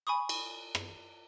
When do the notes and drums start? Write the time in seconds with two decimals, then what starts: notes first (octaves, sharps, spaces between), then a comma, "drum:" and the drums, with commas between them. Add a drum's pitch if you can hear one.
0.07 G#5 B5 C#6 D#6
0.29 drum: cymbal
0.75 drum: rim click